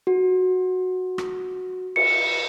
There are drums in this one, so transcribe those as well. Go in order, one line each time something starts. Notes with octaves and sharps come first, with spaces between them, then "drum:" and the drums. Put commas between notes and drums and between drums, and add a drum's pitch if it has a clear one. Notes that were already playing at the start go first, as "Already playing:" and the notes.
F#4
drum: rim click
C#7, drum: cymbal